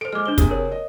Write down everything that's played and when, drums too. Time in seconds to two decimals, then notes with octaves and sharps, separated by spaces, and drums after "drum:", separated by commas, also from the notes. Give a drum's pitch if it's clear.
0.01 A4 C5 D7
0.13 G#3 D6 F6
0.26 D4 C5 G7
0.38 C3 G#4, drum: kick, hi-hat
0.50 A#4 C#5
0.72 D#5